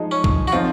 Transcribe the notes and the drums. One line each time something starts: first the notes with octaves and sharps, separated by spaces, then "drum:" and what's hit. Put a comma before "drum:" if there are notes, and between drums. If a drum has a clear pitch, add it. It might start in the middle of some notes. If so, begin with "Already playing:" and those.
Already playing: F3 G#3 D#4 G#4
C#4
drum: kick
F#4
F3 C4 D#4 F4